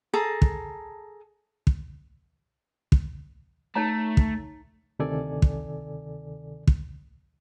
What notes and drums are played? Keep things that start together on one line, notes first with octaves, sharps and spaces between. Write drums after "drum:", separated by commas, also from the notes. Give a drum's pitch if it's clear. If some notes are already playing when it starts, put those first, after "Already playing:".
G#4 A4 A5 A#5
drum: kick
drum: kick
drum: kick
A3 D#4 C#5 A#5
drum: kick
D2 C3 D#3 A4 D5 G#5
drum: kick
drum: kick